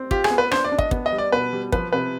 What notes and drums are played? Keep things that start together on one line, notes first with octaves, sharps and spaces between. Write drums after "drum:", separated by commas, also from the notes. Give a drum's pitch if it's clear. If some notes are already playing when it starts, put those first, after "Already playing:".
Already playing: C4
F4 G4, drum: kick
G#4, drum: rim click
B3
B4
D4 C5, drum: rim click
D5
D4
D#5, drum: kick
B3, drum: kick
D#5
G3
D5
B2 B4
G3
F3 B4, drum: kick
C3 B4